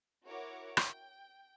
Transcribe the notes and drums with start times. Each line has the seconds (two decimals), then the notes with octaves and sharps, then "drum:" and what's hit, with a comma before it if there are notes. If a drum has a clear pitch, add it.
0.24 E4 F#4 A#4 C#5 F#5 D6
0.77 G5, drum: rim click